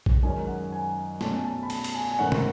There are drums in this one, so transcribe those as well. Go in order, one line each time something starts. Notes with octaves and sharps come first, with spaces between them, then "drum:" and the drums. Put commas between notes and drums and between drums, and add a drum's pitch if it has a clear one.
drum: kick
F#2 D#3 G#3 C#4 G#5
F#5
G#5
B2 A3 C#4 A5, drum: snare A3
G#5
A5
B5
A5, drum: cymbal
drum: cymbal
G#5
G#5
G#2 D#3 A3 C#4 F#5
drum: tom